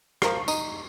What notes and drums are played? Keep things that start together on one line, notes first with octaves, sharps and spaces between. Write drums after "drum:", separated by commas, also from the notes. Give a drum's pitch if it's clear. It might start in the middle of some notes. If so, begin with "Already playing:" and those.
F3 A#4 C5 F5, drum: rim click
D#4, drum: tambourine